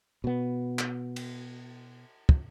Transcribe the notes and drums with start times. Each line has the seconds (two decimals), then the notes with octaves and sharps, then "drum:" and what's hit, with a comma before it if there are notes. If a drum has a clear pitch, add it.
0.24 B2 B3
0.79 drum: clap
1.16 drum: cymbal
2.29 drum: kick